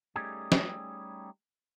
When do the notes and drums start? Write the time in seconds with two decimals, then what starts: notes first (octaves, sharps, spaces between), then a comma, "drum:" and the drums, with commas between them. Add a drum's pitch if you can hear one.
0.16 G3 A3 C#4 D#4 G4 G#4
0.52 drum: snare